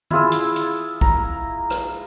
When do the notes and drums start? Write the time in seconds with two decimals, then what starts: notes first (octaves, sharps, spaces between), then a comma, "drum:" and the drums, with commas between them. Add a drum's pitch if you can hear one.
0.11 E4 F4 G#4 E6, drum: tom D#3
0.32 drum: hi-hat
0.56 drum: hi-hat
1.01 A#5, drum: kick
1.70 drum: rim click